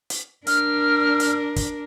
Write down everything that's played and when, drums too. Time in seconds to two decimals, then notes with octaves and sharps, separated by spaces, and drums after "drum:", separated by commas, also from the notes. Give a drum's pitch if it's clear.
0.10 drum: hi-hat
0.47 D4 A#4 F6, drum: hi-hat
1.20 drum: hi-hat
1.56 drum: kick, hi-hat